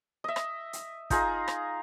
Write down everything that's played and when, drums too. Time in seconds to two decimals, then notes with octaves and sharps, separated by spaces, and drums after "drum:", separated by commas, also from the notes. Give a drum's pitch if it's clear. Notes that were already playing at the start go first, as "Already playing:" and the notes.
0.24 D#5 E5
0.36 drum: rim click
0.73 drum: hi-hat
1.10 D#4 F4 G#4 A#5, drum: kick, hi-hat
1.48 drum: rim click